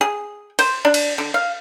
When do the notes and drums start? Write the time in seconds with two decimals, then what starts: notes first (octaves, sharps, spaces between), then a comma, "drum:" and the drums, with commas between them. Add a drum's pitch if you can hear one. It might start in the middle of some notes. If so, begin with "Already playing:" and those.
0.01 G#4
0.59 C5, drum: cymbal
0.85 D4
0.94 drum: cymbal
1.18 D3
1.34 F5